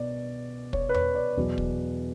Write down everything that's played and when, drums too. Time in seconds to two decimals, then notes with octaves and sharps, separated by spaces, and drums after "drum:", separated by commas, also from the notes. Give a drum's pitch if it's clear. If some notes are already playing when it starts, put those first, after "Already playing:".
Already playing: B2 D5
0.73 C#5, drum: kick
0.89 B4
0.94 C#5, drum: tom E2
1.15 D5
1.37 E2 B2 F#3
1.58 drum: kick